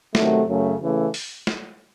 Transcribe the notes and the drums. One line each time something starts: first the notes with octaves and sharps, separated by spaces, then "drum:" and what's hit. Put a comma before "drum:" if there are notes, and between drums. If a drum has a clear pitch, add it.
C3 D#3 F#3 A3, drum: snare
F#2 C#3 F#3 A3
C#3 E3 A3
drum: open hi-hat
drum: snare